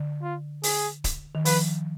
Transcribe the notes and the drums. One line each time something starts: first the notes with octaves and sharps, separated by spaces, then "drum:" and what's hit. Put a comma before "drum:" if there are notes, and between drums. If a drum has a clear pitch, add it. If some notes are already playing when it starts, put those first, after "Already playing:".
Already playing: D3
F4
G#4, drum: open hi-hat
drum: kick, hi-hat
D#3
F3 B4, drum: open hi-hat